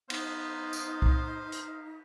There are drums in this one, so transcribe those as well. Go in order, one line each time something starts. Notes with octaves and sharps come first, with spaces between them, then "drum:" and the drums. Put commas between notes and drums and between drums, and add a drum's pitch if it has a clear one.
B3 D#4 C5 F5, drum: cymbal
drum: tambourine
drum: kick C2
drum: hi-hat